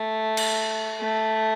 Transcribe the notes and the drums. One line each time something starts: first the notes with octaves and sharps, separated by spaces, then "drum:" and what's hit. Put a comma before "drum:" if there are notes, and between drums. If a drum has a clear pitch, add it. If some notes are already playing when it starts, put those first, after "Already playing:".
Already playing: A3
drum: cymbal
A3